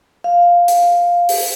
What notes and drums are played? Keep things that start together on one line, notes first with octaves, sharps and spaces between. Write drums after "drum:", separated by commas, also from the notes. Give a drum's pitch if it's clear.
F5
drum: hi-hat
drum: open hi-hat